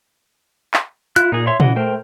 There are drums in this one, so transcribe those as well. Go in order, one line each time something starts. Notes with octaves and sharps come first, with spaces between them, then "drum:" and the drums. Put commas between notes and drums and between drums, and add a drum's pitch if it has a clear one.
drum: clap
E4 F4 F#6, drum: hi-hat
A#2 D#4 G#4
C#5 E5 C6
C#3 E3 D#5 F#5, drum: tom A#2
A3 A#4 C5 G5